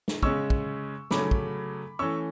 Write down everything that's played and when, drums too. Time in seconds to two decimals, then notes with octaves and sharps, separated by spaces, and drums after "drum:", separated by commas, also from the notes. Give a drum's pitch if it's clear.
0.08 drum: snare
0.23 C#3 G#3 C#4 C#6 E6, drum: kick
0.50 drum: kick
1.11 C#3 F#3 A3 C#4 B5 D6, drum: snare
1.31 drum: kick
1.99 E3 A3 C#4 C#6 E6